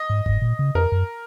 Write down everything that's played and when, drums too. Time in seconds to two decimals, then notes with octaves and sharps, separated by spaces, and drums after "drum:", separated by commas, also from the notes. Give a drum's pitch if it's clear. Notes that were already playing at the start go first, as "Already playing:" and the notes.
Already playing: D#5
0.10 G#2
0.26 G#2, drum: kick F#1
0.42 A#2
0.59 C#3
0.75 F2 A#4
0.92 F#2